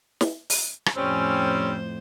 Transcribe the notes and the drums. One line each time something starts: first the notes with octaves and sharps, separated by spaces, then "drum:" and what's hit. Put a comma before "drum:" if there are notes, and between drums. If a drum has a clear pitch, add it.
drum: snare
drum: open hi-hat
drum: rim click
F2 A2 G3 C4 C#4 C5